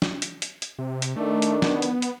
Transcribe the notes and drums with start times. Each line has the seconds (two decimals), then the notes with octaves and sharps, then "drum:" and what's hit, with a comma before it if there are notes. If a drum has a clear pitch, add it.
0.02 drum: snare
0.22 drum: hi-hat
0.42 drum: hi-hat
0.62 drum: hi-hat
0.79 C3
1.02 drum: hi-hat
1.16 D#3 A3 D4
1.42 drum: hi-hat
1.62 B3, drum: snare
1.82 drum: hi-hat
2.02 drum: hi-hat